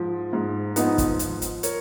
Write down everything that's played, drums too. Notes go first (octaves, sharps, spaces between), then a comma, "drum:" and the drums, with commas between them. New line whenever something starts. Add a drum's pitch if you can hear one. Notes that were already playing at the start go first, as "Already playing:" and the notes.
Already playing: G#2 F3
G#2
F3 B3 D#4, drum: hi-hat
drum: kick, hi-hat
F3, drum: hi-hat
drum: hi-hat
A#4 C#5, drum: hi-hat